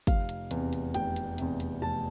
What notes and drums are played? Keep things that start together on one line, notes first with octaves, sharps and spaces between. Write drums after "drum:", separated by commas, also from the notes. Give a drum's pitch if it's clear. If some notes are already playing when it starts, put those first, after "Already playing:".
F1 F5, drum: kick, hi-hat
drum: hi-hat
E2 C3, drum: hi-hat
drum: hi-hat
F1 G5, drum: hi-hat
drum: hi-hat
E2 C3, drum: hi-hat
drum: hi-hat
F1 A5